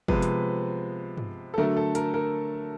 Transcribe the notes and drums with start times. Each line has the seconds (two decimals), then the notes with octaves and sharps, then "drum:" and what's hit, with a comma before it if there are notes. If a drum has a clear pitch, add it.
0.08 C3 F3 G#3 B3 B4, drum: kick
0.22 drum: hi-hat
1.18 drum: tom G2
1.54 A4
1.57 D3 F#3 A3 A#4
1.77 A4
1.95 A#4, drum: hi-hat
2.14 A#4